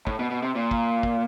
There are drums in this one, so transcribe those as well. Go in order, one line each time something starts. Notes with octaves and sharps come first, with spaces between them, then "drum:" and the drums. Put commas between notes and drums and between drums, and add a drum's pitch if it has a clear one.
A2, drum: kick
B2
B2
C3
A#2
drum: kick
drum: kick